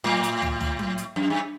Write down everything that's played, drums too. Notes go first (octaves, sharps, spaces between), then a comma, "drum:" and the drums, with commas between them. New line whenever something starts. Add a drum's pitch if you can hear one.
A2, drum: tom F#3
drum: hi-hat
drum: tom
drum: tom
drum: tom F#3
drum: hi-hat
F#2
G2